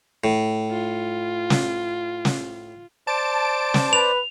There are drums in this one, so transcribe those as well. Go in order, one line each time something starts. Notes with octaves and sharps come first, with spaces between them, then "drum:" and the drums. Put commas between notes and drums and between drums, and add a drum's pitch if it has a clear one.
A2
F4
drum: snare
drum: snare
C5 D5 A5 D7
drum: snare
B4 F7